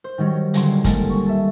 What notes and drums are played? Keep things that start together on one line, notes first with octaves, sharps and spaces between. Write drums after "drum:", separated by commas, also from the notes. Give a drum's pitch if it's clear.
C5
D#3 F#3 G3 C#5
D#1 D3 F#3 C6, drum: hi-hat
G3 G#3 A#3 A4, drum: kick, hi-hat
C#6
A4 E5